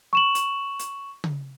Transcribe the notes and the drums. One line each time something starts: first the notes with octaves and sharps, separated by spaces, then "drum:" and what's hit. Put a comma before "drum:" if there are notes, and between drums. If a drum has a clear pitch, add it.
C#6 E7 F#7
drum: hi-hat
drum: hi-hat
drum: tom C#3